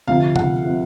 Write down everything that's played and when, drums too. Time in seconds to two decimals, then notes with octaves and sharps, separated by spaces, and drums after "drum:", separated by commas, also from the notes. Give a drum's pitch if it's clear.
0.07 D2 C3 F3 F5
0.36 F#5, drum: tom C3
0.64 C3 F3